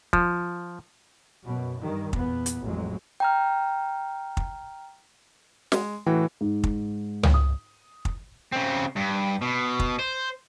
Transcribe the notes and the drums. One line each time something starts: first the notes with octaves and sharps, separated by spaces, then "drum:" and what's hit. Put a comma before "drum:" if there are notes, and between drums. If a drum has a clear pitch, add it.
F3, drum: kick
F#2 B2
G2 D#3
E2 A#2 B3, drum: kick
drum: hi-hat
A1 F2 F#3 G#3
G5 A#5 F6
drum: kick
G#3, drum: snare
A2 E3 F#4 G5
G#2
drum: kick
drum: tom C#2
D#6
drum: kick
C#3 C4
G2
B2
drum: kick
C5